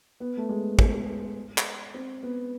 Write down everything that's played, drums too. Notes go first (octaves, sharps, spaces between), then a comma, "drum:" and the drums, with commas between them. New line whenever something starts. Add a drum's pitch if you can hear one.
B3
A3
G#3
B3, drum: kick
drum: clap
C4
B3